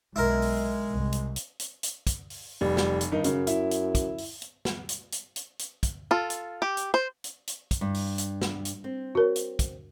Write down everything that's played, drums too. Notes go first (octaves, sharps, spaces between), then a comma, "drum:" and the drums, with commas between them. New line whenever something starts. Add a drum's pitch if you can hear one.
B1 G#3 E4 A#4
drum: open hi-hat
C2
drum: hi-hat
drum: hi-hat
drum: hi-hat
drum: hi-hat
drum: kick, hi-hat
drum: open hi-hat
F1 G3
drum: snare
drum: hi-hat
G2 D#3 D#4
F#2 C#3, drum: hi-hat
E4, drum: hi-hat
drum: hi-hat
drum: kick, hi-hat
drum: open hi-hat
drum: hi-hat
drum: snare
drum: hi-hat
drum: hi-hat
drum: hi-hat
drum: hi-hat
drum: kick, hi-hat
F4 A4
drum: hi-hat
G4
drum: hi-hat
C5
drum: hi-hat
drum: hi-hat
drum: kick, hi-hat
G2
drum: open hi-hat
drum: hi-hat
drum: snare
drum: hi-hat
C4
F#4 A#4 C#5
drum: hi-hat
drum: kick, hi-hat